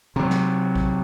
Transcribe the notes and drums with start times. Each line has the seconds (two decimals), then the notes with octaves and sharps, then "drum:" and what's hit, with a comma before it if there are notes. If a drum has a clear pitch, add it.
0.16 C3 F#3
0.31 drum: snare
0.75 drum: kick A#1